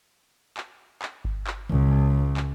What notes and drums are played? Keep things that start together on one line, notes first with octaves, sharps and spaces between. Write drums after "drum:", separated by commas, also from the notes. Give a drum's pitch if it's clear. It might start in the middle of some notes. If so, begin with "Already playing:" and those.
drum: clap
drum: clap
drum: kick G1
drum: clap
C#2, drum: tom D3
drum: clap